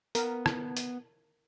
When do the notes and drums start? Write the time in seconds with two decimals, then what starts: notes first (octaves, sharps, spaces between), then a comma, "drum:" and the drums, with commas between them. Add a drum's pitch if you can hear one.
0.15 B3 A#4, drum: hi-hat
0.46 drum: rim click
0.77 drum: hi-hat